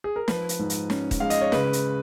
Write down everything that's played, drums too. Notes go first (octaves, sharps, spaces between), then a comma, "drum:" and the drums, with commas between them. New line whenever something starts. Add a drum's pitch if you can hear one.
G#4
A#4
F3 B4, drum: snare
drum: hi-hat
G#2
drum: hi-hat
C#4, drum: snare
drum: kick D#1, hi-hat
G#3 F5
D#5, drum: hi-hat
C#5
C#3 B4, drum: snare
drum: hi-hat